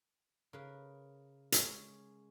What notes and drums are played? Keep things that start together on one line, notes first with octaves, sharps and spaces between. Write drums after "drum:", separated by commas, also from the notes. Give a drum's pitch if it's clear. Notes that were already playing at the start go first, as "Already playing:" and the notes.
C#3 A#4 B4
G#3 C#4, drum: hi-hat